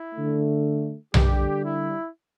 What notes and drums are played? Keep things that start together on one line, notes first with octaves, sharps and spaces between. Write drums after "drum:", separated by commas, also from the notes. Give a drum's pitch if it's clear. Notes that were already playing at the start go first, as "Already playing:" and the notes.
Already playing: E4
D3 A3
D3 G3 G4, drum: tom B1
E4